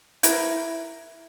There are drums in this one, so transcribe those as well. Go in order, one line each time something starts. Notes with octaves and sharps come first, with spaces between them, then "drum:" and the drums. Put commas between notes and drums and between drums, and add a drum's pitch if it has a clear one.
E4 A#4 B4, drum: hi-hat